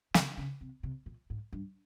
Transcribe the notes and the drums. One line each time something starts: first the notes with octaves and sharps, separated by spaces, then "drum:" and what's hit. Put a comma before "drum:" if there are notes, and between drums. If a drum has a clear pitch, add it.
C#3, drum: snare
C#3
C3
C3
A#2
G#2
G2